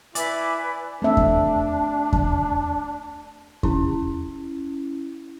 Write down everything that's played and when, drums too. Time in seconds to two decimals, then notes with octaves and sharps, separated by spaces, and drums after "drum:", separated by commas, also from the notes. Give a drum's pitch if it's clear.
0.15 E4 B4 D5 E5 G#5, drum: hi-hat
1.02 A3 C4 D4 E5
1.17 drum: kick E2
2.13 drum: kick E2
3.63 C#4 E4, drum: kick E2